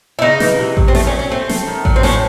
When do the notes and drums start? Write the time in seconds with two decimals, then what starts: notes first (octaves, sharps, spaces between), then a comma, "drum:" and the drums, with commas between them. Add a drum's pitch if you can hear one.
0.19 E4
0.22 C#3 D#4
0.40 E3, drum: snare
0.59 C3
0.77 F#3, drum: kick A1
0.88 C4
0.95 D#3 A3, drum: snare
1.07 C#4
1.13 F#3
1.19 C#4
1.31 A3 C4
1.49 A3, drum: snare
1.67 D#3
1.85 F#3, drum: kick A1
1.96 C4
2.03 A2 C#4, drum: snare